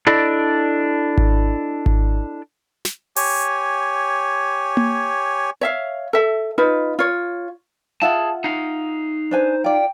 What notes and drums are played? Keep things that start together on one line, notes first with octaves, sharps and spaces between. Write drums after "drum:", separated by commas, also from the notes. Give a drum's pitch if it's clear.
D4 E4 A4 D5 D#5
drum: kick G#1
drum: kick G#1
drum: snare
G4 C#5 G#5, drum: open hi-hat
drum: tom A#3
C#5 E5 F5
A4 E5
D#4 F4 B4
F4 C#5
F4 G#4 E5 F#5 A5
D#4 F5
D4 B4 C5 G#5
F4 D5 G5